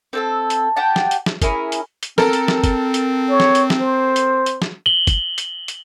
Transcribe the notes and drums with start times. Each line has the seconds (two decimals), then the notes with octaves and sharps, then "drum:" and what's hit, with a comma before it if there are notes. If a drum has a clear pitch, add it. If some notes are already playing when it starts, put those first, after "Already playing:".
0.13 C4 A4 E6
0.50 drum: hi-hat
0.76 G4 F#5 G5 A5
0.96 drum: snare
1.11 drum: hi-hat
1.26 drum: snare
1.42 C#4 E4 G#4 A#4, drum: kick, hi-hat
1.72 drum: hi-hat
2.03 drum: hi-hat
2.18 C4 A4 A#4, drum: snare
2.33 drum: hi-hat
2.48 drum: snare
2.64 drum: kick, hi-hat
2.94 drum: hi-hat
3.30 C#5
3.40 drum: snare
3.55 drum: hi-hat
3.70 drum: snare
3.80 C5
4.16 drum: hi-hat
4.46 drum: hi-hat
4.62 drum: snare
4.86 F#7 G7
5.07 drum: kick, hi-hat
5.38 drum: hi-hat
5.68 drum: hi-hat